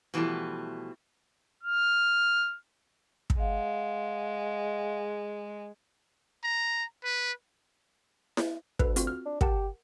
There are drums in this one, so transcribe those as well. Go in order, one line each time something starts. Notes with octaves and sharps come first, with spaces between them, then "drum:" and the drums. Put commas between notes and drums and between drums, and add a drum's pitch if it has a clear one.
B2 E3 F3 G3 A3
F6
drum: kick
G#3 F5 F#5
A#5
B4
drum: snare E4
D2 A4 B4, drum: kick
C4 F4 F#4, drum: hi-hat
F6
D4
G4 A#4 F#5 A5, drum: kick